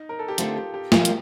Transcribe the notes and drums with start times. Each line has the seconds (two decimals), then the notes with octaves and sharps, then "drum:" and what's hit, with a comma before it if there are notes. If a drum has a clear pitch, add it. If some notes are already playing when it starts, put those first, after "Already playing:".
Already playing: D#4
0.09 A#4
0.19 A4
0.28 G4
0.38 D3 A3 C4 F4, drum: hi-hat
0.56 G4
0.74 G4
0.92 F3 A#3 F4 A#4, drum: snare
1.05 drum: hi-hat